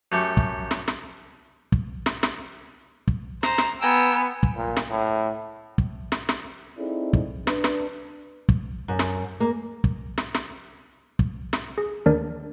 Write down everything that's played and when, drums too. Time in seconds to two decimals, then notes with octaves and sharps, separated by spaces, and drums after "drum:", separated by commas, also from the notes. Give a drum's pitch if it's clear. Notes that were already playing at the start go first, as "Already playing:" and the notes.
0.12 F#2 A3 G4 C#6
0.37 drum: kick
0.71 drum: snare
0.88 drum: snare
1.72 drum: kick
2.06 drum: snare
2.23 drum: snare
3.08 drum: kick
3.43 C5 A#5, drum: snare
3.58 drum: snare
3.81 B3 G5 G#5 A#5 E6
4.43 drum: kick
4.55 A#2
4.77 drum: snare
4.90 A2
5.78 drum: kick
6.12 drum: snare
6.29 drum: snare
6.79 C4 D#4 E4 G#4 A4 D5
7.13 drum: kick
7.47 D4 B4, drum: snare
7.64 drum: snare
8.49 drum: kick
8.88 F#2
8.99 drum: snare
9.40 A#3
9.84 drum: kick
10.18 drum: snare
10.35 drum: snare
11.19 drum: kick
11.53 drum: snare
11.78 G#4
12.06 D#2 D4 A#4 D5